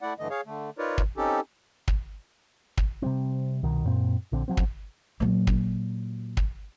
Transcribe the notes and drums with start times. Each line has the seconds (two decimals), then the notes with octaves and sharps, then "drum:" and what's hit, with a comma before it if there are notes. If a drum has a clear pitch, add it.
0.01 A3 E4 D5 F#5
0.19 G2 D3 E3 A3 D#5
0.30 G#4 C#5 F5
0.46 D3 A3
0.78 D#4 F4 A#4 B4 C#5 D5
0.98 drum: kick
1.17 C4 C#4 D#4 G4 A4
1.88 drum: kick
2.78 drum: kick
3.02 C3 G3 C4
3.63 C2 B2 D#3
3.85 F#2 A#2 C4
4.32 A#1 D3 C4
4.48 F3 F#3 C4
4.57 drum: kick
5.20 A#2 F#3
5.47 drum: kick
6.37 drum: kick